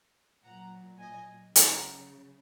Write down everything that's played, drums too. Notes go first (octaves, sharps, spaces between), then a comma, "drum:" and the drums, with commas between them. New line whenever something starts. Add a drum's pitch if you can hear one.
A#2 F#3 F#5 A#5
D#5 G#5
C#3 F#3 F#5 A#5, drum: hi-hat